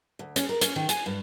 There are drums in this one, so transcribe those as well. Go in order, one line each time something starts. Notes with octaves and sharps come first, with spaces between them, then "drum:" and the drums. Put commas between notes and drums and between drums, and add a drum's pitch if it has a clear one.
D2
C#4, drum: hi-hat
A#4
C#4, drum: hi-hat
D#3
G#5, drum: hi-hat
G2